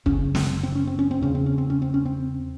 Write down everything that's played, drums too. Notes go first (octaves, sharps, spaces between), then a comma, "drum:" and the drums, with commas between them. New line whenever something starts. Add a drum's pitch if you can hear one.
F#2 C#3 C#4, drum: kick
C4, drum: snare
C4
C#4
C4
C#4
C4
E2 C#3 C#4
C4
C#4
C4
C#4
C4
C#4
C4